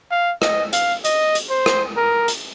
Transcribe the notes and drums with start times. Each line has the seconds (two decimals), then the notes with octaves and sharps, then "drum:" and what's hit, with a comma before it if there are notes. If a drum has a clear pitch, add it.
0.11 F5
0.42 D#5, drum: rim click
0.73 F5, drum: hi-hat
1.04 D#5, drum: hi-hat
1.35 drum: hi-hat
1.50 C5
1.66 drum: rim click
1.97 A#4
2.28 drum: hi-hat